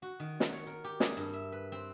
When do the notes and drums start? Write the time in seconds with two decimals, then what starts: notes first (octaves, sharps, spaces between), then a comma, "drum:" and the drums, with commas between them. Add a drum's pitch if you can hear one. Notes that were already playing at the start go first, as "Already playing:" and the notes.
0.02 F#4
0.20 D#3
0.40 drum: snare
0.52 C#5
0.67 A#4
0.84 G4
1.00 G#4, drum: snare
1.17 G2
1.33 E5
1.52 B4
1.72 C4